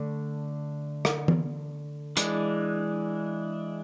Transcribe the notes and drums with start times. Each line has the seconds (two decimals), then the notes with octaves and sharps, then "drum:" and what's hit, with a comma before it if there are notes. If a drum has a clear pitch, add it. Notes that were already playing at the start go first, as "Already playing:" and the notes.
Already playing: D3 A3 D4
1.05 drum: rim click
1.28 drum: tom
2.17 E3 G#3 D4, drum: hi-hat